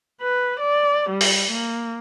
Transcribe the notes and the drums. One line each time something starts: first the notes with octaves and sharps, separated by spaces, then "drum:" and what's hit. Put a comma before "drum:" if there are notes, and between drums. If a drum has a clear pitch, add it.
B4
D5
G3
drum: open hi-hat
A#3